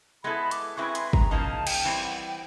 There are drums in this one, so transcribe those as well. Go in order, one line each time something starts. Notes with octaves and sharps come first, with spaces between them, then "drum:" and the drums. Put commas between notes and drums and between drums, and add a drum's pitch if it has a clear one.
G#3 B3 E4 A4 B5
D6, drum: hi-hat
G#3 C4 E4 G#4 B4 C#6
C6, drum: hi-hat
B5
A#5, drum: kick
C#3 F3 A#3 D#4 A5
A5
G5, drum: cymbal
E3 G3 C4
F#5
G5